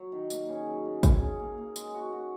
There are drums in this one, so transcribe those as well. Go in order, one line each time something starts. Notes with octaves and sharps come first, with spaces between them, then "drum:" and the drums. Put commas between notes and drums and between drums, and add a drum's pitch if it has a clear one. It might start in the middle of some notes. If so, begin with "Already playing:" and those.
Already playing: F#3
D#3
A#3, drum: tambourine
C#3
F#3
C#3
C#3, drum: kick, tambourine
C#3
A#3
A#3
G#3, drum: tambourine
F#4
F#4